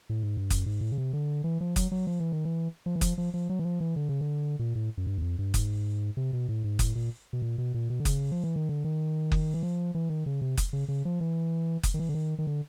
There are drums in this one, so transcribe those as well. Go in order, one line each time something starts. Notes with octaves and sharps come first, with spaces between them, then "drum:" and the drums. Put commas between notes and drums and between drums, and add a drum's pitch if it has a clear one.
A2
G#2
G2
F#2, drum: kick F#1, hi-hat
G#2
A2
C#3
C3
D3
E3
F3
F#3, drum: kick F#1, hi-hat
F#3
F3
E3
D#3
E3
F3
E3
F3, drum: kick F#1, hi-hat
F3
F3
F#3
E3
F3
E3
D3
C#3
D3
A#2
A2
F#2
G2
E2
F2
G2
G#2, drum: kick F#1, hi-hat
C3
B2
A2
G#2
A2, drum: kick F#1, hi-hat
A#2
B2
A#2
B2
A#2
B2
D3
C#3, drum: kick F#1, hi-hat
F3
E3
D#3
D3
D#3
drum: kick F#1
E3
F3
E3
D#3
C#3
C3
drum: kick F#1, hi-hat
C#3
C#3
F3
E3
drum: kick F#1, hi-hat
D#3
E3
D3
D#3
D#3
D3